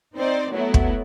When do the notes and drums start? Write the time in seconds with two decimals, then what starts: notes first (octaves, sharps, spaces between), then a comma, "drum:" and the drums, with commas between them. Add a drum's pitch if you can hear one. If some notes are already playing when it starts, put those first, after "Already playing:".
0.15 C4 D#4 C5 D5
0.51 F#3 A3 B3 E4
0.74 drum: kick